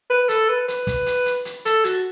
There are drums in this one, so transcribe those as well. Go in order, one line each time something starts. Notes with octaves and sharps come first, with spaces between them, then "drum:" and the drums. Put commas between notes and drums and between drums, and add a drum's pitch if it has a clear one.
B4
A4, drum: hi-hat
B4
B4, drum: hi-hat
drum: kick, hi-hat
drum: hi-hat
drum: hi-hat
drum: hi-hat
A4, drum: hi-hat
F#4, drum: hi-hat